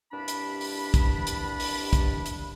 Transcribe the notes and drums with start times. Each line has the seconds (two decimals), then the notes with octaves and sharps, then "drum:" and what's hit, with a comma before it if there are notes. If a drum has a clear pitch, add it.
0.11 C2 G2 D4 B5
0.28 drum: hi-hat
0.61 drum: open hi-hat
0.94 drum: kick, hi-hat
1.27 drum: hi-hat
1.60 drum: open hi-hat
1.93 drum: kick, hi-hat
2.26 drum: hi-hat